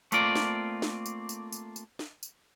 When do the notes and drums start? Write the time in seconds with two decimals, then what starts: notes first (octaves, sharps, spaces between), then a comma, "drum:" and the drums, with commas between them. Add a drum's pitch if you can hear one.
0.12 A3 A#3 C4 F4 D5, drum: tambourine
0.35 drum: snare
0.82 drum: snare
1.06 drum: tambourine
1.29 drum: tambourine
1.52 drum: tambourine
1.76 drum: tambourine
1.99 drum: snare
2.23 drum: tambourine